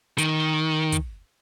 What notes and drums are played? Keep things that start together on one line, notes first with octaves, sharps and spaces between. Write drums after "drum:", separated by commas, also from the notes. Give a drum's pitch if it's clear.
D#3, drum: hi-hat
drum: kick, hi-hat